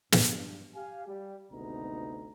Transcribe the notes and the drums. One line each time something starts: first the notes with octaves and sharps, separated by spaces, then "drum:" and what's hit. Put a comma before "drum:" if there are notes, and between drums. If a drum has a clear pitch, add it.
G2, drum: snare
G4 F5 G#5
G3 G4
G#1 D2 C3 B3 D#4 A#5